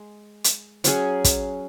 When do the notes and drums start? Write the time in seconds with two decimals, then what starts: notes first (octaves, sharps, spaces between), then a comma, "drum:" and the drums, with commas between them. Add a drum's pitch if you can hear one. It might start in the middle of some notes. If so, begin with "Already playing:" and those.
Already playing: G#3 G#4
0.44 drum: hi-hat
0.84 F#3 C#4 G#4, drum: hi-hat
1.24 drum: kick, hi-hat